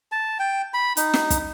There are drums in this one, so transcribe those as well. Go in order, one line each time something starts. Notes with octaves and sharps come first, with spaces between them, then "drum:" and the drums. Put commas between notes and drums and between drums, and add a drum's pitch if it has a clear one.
A5
G5
B5
D#4, drum: hi-hat
drum: snare
drum: kick, hi-hat